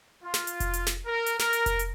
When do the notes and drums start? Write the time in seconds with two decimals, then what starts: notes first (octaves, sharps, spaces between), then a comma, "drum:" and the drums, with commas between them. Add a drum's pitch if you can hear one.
0.23 F4
0.34 drum: snare
0.47 drum: hi-hat
0.60 drum: kick F1, hi-hat
0.73 drum: hi-hat
0.87 drum: snare
1.05 A#4
1.26 drum: hi-hat
1.40 A#4, drum: snare
1.53 drum: hi-hat
1.66 drum: kick F1, hi-hat
1.79 drum: hi-hat